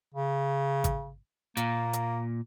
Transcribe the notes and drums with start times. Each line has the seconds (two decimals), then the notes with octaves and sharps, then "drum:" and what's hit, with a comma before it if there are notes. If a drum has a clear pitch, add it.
0.15 C#3
0.84 drum: kick G#1, hi-hat
1.57 A#2 A#3, drum: hi-hat
1.93 drum: hi-hat